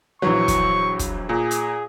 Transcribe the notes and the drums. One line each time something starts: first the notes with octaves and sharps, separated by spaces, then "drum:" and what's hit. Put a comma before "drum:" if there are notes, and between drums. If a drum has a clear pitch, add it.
A#1 E3 F#3 C#6
drum: kick, hi-hat
drum: kick, hi-hat
A#2 G#4
drum: hi-hat